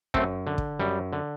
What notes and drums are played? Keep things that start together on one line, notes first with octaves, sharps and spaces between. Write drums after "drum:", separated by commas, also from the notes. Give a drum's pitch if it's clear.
F#2 A3 C4, drum: kick
D3
drum: kick
F#2 G3
D3